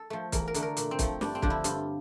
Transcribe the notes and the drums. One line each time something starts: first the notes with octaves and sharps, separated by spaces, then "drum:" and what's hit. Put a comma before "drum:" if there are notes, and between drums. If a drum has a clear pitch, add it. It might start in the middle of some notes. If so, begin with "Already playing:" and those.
Already playing: A4
F3 A3
E2 A#4, drum: kick, hi-hat
A#4
D3 A3, drum: hi-hat
A#4
A#2, drum: hi-hat
C4
F3 A3, drum: kick, hi-hat
G2 D4, drum: snare
C4
D3 F3 D4, drum: kick
E4
G2 F4, drum: hi-hat